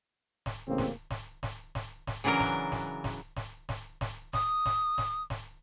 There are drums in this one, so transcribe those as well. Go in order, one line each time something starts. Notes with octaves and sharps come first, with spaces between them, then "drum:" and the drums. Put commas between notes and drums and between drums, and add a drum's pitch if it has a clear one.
drum: snare
A1 C#3 A#3 C4
drum: snare
drum: snare
drum: snare
drum: snare
drum: snare
C#3 E3 F#3 D4 A#4
drum: snare
drum: snare
drum: snare
drum: snare
drum: snare
drum: snare
D#6, drum: snare
drum: snare
drum: snare
drum: snare